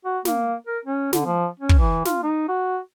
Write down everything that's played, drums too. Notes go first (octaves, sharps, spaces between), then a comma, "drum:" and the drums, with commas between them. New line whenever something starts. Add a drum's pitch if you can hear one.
F#4
A#3, drum: snare
A#4
C#4
D3, drum: snare
F3
C#4
drum: kick
E3
F4, drum: snare
D#4
F#4